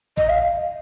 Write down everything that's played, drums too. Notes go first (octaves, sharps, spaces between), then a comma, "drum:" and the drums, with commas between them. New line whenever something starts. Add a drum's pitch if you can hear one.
D#5, drum: kick A1
F5